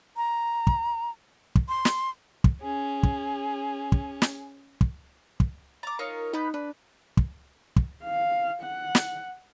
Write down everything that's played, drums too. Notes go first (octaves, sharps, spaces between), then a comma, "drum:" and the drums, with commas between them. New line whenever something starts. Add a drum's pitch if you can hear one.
A#5
drum: kick
drum: kick
C6
drum: snare
drum: kick
C#4 G#4
drum: kick
drum: kick
drum: snare
drum: kick
drum: kick
A#5 D6 A6
D#4 F4 A#4 C#5
B3 D#4 B4 G6
D4 B4
drum: kick
drum: kick
F5
F#5
drum: snare